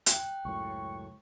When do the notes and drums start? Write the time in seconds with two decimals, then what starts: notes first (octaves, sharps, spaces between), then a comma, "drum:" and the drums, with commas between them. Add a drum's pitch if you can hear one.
0.06 G5 F#6, drum: hi-hat
0.45 C#2 F#2 A2 C#6